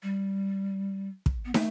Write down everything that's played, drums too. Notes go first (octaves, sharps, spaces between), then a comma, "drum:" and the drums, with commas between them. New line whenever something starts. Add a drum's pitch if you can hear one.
G3
drum: kick
B3
A3, drum: snare